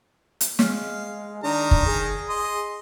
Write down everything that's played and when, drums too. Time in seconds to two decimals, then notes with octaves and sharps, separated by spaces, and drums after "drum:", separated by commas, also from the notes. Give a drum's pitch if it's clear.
0.41 drum: hi-hat
0.59 G#3 F5, drum: snare
1.44 D#3 D4 A#5
1.71 drum: kick
1.86 G#4
2.29 D#5 C6